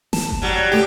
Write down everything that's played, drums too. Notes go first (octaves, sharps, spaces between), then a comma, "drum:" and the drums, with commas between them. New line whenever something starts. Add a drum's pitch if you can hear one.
A5, drum: snare
drum: kick G1
F#3 G3
C#3 A3 G4